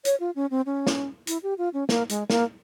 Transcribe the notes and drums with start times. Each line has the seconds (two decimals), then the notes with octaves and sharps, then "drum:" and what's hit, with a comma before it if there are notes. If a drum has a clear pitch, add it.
0.05 C#5, drum: hi-hat
0.20 F4
0.36 C#4
0.51 C4
0.66 C#4
0.87 drum: snare
1.27 E4, drum: hi-hat
1.43 G4
1.58 F4
1.74 C#4
1.89 A#3, drum: snare
2.09 G#3, drum: hi-hat
2.30 A#3, drum: snare